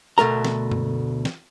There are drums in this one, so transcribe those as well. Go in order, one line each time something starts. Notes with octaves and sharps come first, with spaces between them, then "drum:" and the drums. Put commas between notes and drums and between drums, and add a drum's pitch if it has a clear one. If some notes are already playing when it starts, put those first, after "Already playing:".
D2 B2 A3 A#4 A#5
drum: snare
drum: tom F#2
drum: snare